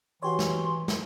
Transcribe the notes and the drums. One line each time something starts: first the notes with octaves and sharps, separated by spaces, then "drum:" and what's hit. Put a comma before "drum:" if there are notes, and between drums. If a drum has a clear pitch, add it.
E3 F#4 G4 C#5 C6
drum: snare
drum: snare